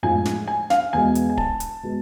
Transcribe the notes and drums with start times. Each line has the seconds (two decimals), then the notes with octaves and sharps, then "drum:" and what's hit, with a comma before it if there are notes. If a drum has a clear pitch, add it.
0.03 A2 F3 G#3 G#5
0.25 drum: snare
0.48 G#5
0.70 F5, drum: snare
0.93 E2 B2 G#3 G#5
1.15 drum: hi-hat
1.30 G#5
1.37 A5, drum: kick D1
1.60 drum: hi-hat
1.83 B2 G#3